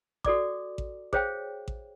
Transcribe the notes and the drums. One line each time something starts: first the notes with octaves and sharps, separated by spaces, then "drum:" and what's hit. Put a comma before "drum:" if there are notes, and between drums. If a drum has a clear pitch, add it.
F#4 A4 D5 D6, drum: kick A1
drum: kick A1
G#4 C5 C#5 F5 G5, drum: kick A1
drum: kick A1